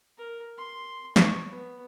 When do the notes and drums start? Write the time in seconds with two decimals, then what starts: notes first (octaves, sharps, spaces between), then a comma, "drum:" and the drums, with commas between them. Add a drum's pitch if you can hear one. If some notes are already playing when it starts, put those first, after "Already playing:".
0.18 A#4
0.58 C6
1.16 C#5, drum: snare
1.48 B3